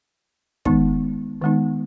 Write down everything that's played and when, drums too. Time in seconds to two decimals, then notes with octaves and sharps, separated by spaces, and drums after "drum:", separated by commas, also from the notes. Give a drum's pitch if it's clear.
0.65 D#3 G#3 B3 D#4, drum: kick
1.42 D#3 G#3 B3 D#4